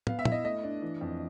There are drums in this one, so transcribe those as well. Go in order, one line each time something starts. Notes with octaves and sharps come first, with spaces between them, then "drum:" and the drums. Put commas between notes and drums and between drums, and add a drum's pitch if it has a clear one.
B3 F5, drum: tom
E5
E4, drum: tom
D#5
A3 D#5
D4
E3
F2